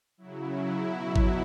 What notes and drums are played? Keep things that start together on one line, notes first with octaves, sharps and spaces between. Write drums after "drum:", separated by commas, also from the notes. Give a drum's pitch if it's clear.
C#3 F#3 E4
B2 F#3 E4
drum: kick G#1